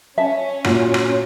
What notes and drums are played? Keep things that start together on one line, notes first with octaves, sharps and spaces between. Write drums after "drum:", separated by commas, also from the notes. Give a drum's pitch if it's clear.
C#4 E5 A5
A#2 F4 F#4, drum: rim click
drum: rim click